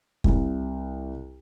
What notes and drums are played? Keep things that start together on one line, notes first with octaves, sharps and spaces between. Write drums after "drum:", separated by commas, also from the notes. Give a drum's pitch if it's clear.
C2, drum: kick